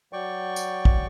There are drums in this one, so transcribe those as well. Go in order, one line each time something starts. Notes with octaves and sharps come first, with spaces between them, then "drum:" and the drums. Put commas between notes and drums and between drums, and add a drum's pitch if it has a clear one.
F#3 D5 G5 C#6
drum: tambourine
drum: kick